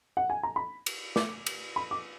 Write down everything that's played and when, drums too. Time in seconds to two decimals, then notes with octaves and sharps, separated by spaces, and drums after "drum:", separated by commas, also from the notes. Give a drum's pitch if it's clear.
0.17 F#5
0.30 G#5
0.43 A#5
0.56 B5
0.86 drum: cymbal
1.16 D6, drum: snare
1.46 drum: cymbal
1.76 B5
1.91 D6